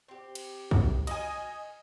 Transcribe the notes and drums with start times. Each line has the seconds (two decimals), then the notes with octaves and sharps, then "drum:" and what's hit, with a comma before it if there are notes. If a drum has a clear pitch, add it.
0.08 C4 G4
0.35 drum: cymbal
0.71 drum: kick
1.07 D#3 D#5 G#5, drum: cymbal